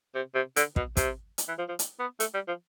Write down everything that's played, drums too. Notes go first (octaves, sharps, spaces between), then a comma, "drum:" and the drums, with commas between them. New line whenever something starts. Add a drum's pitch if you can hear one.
C3
C3
D3, drum: hi-hat
B2, drum: kick
C3, drum: kick, hi-hat
drum: hi-hat
E3
F3
F3
drum: hi-hat
B3
A3, drum: hi-hat
G3
F3